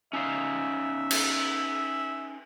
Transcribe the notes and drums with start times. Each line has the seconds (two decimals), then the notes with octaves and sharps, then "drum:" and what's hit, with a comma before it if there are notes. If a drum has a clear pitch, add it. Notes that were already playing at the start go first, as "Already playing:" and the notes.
0.13 C#4 D#4 E5 F5
1.11 drum: cymbal